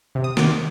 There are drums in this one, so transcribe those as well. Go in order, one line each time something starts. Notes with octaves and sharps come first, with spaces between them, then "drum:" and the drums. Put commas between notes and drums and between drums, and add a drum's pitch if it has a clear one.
C3
D#6
D#3 D6, drum: snare